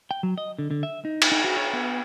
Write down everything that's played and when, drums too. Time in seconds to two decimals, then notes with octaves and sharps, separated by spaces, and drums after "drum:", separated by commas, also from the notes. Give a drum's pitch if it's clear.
0.11 G5
0.23 F#3
0.38 D#5
0.59 D3
0.71 D3
0.83 E5
1.05 D#4
1.22 drum: cymbal
1.32 D#4
1.45 F#4
1.57 C#5
1.73 B3